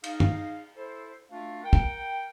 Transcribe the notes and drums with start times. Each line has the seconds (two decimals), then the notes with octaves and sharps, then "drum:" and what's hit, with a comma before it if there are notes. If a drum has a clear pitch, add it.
0.04 D#4 G#4 F5, drum: cymbal
0.20 drum: tom
0.76 E4 A4 C5
1.30 A3 D4 F4 F#4 F5
1.63 A#4 F#5 G5
1.73 drum: kick